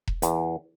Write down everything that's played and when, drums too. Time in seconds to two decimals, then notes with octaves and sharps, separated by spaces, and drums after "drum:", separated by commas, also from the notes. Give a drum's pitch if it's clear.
0.08 drum: kick E1
0.22 E2, drum: hi-hat